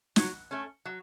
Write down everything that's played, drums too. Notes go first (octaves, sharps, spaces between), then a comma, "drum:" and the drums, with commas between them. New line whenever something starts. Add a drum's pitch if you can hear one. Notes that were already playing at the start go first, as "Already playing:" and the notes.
F#3, drum: snare
A3 C#4
F#3